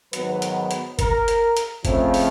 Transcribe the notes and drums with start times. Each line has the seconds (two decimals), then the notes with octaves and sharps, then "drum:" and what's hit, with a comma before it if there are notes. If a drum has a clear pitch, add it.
0.13 G#2 D#3 F#3 B3 B4, drum: hi-hat
0.42 drum: hi-hat
0.71 drum: hi-hat
0.99 A#4, drum: kick G1, hi-hat
1.28 drum: hi-hat
1.57 drum: hi-hat
1.85 C#2 C#3 F3 A3 C4, drum: kick G1, hi-hat
2.14 drum: open hi-hat